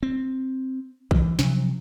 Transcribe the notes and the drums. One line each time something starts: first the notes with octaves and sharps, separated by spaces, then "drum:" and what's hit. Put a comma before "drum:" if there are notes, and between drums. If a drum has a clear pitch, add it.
C4
D2 E3, drum: kick A#1
C3 F3 F#3, drum: snare